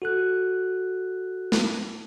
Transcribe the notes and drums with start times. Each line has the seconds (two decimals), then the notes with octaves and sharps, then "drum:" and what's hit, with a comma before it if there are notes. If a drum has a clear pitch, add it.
0.02 F#4 A4 F#6
1.52 drum: snare